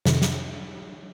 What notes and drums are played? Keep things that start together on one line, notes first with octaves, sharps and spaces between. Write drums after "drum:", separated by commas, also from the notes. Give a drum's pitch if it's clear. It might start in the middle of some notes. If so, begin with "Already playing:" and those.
F2 C3 D#3, drum: snare
drum: snare